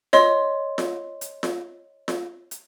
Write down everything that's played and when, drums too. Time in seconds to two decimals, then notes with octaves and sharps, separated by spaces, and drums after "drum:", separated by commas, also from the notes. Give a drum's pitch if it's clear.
0.13 C#5 D#5 C6, drum: snare F4
0.78 drum: snare F4
1.21 drum: hi-hat
1.43 drum: snare F4
2.08 drum: snare F4
2.51 drum: hi-hat